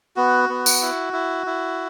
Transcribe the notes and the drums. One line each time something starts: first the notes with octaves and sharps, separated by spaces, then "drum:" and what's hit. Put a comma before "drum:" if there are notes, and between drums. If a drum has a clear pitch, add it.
B3 F#4
B3
drum: tambourine
E4
E4
E4